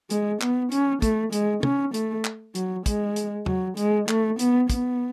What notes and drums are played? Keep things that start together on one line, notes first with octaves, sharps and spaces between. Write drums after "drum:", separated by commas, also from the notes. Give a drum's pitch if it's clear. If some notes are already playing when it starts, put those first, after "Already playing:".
G#3, drum: hi-hat
B3, drum: clap
C#4, drum: hi-hat
A3, drum: kick, hi-hat
G#3, drum: hi-hat
C#4, drum: tom
A3, drum: hi-hat
drum: clap
F#3, drum: hi-hat
G#3, drum: kick, hi-hat
drum: hi-hat
F#3, drum: tom
G#3, drum: hi-hat
A3, drum: clap
B3, drum: hi-hat
B3, drum: kick, hi-hat